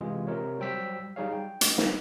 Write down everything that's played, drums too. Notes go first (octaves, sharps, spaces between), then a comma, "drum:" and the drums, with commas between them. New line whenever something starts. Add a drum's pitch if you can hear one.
C3 E3 G#3 F4 G#4
C3 A#4 C#5
F#3 G3 C5 G5 E6 B6
F#3 G3 D#4 G#4 C#5 F5
G5
D#5, drum: hi-hat
drum: snare